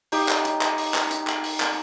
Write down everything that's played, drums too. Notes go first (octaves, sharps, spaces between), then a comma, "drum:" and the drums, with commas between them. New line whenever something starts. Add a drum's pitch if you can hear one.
D#4 G4 G5, drum: open hi-hat
drum: clap
drum: hi-hat
drum: clap
drum: open hi-hat
drum: clap
drum: hi-hat
drum: clap
drum: open hi-hat
drum: clap